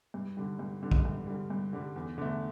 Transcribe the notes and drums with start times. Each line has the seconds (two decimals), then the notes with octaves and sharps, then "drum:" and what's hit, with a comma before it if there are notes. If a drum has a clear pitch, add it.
0.14 G2
0.37 D3 G3
0.59 G2
0.82 D3 G3
0.91 drum: kick
1.05 G2
1.27 D3 G3
1.50 G2
1.73 D3 G3
1.96 E2
2.18 D3 A3